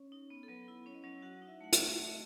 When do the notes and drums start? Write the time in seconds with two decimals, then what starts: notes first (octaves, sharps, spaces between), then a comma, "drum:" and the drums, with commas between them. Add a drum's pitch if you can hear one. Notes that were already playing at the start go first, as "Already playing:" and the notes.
Already playing: C#4 C#5
0.12 D#4
0.30 B3
0.43 A4
0.48 F#3 B3 B4
0.68 E4
0.86 C#4 C#5
0.94 D#5
1.04 F#3 C#4 C#5
1.22 F#3 F#4 F#5
1.42 D#4
1.47 E4 E5
1.61 A3 F#5
1.73 E4 E5, drum: hi-hat
1.78 F#4
1.97 A3 E5
2.08 D#5